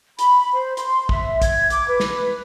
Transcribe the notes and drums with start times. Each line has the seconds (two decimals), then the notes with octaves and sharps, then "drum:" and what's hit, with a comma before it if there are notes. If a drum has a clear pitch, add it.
0.19 B5, drum: hi-hat
0.53 C5
0.77 C6, drum: hi-hat
1.09 E5, drum: kick
1.42 G#6, drum: kick, hi-hat
1.70 D6, drum: hi-hat
1.88 B4
2.00 drum: snare